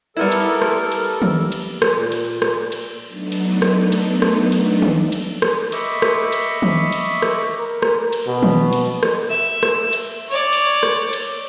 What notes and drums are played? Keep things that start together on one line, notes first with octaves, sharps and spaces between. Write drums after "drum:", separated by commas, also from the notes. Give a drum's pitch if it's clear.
G3 B3 E4 A4 A#4
drum: cymbal
drum: rim click
drum: cymbal
drum: tom D#3
drum: cymbal
drum: rim click
A#2
drum: cymbal
drum: rim click
drum: cymbal
F#3 A3 B3 D4 D#4
drum: cymbal
drum: rim click
drum: cymbal
drum: rim click
drum: cymbal
drum: tom D#3
drum: cymbal
drum: rim click
D#5 E5 B5 C#6 D6, drum: cymbal
drum: rim click
drum: cymbal
drum: tom D#3
drum: cymbal
drum: rim click
A#4
drum: rim click
drum: cymbal
B2
drum: tom D#3
drum: cymbal
drum: rim click
E5
drum: rim click
drum: cymbal
C#5 D5
drum: cymbal
drum: rim click
drum: cymbal